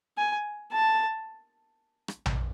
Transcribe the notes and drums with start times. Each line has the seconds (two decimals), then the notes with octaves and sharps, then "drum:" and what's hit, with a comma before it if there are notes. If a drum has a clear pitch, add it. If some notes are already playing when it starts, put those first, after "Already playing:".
0.18 G#5
0.73 A5
2.08 drum: rim click
2.26 drum: tom A#1